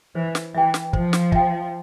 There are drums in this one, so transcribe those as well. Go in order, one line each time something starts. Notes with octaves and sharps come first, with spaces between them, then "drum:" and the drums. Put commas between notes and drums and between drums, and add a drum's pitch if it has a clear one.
E3 C5
drum: snare
E3 E5 G5
drum: snare
F3 C5, drum: kick
drum: snare
E5 G5, drum: kick